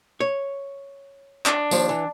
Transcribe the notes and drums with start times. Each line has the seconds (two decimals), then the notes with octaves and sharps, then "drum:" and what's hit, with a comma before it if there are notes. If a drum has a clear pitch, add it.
0.20 C#5
1.46 D4, drum: clap
1.71 D#2 F3, drum: tambourine
1.89 E3